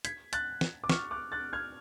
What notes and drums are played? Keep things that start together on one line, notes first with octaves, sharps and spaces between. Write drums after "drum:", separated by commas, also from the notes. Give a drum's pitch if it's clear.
G#6 B6, drum: hi-hat
F#6 A6, drum: hi-hat
drum: snare
D6
C#6 F6, drum: snare
D6 F#6
F#6 A6
F6 G#6